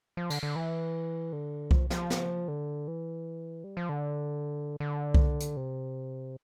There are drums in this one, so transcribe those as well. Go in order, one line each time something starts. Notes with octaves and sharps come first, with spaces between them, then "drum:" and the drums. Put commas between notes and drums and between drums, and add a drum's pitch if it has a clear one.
F3
D3, drum: cymbal
D3
E3
D3
F3, drum: kick C2
F3, drum: snare
drum: snare
D3
E3
G3
F3
D3
D3
drum: kick C2
drum: hi-hat
C3